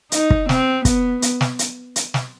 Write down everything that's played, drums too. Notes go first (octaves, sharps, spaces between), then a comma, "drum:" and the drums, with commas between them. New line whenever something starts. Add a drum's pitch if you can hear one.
D#4, drum: hi-hat
drum: kick
C4, drum: snare
B3, drum: kick, hi-hat
drum: hi-hat
drum: snare
drum: hi-hat
drum: hi-hat
drum: snare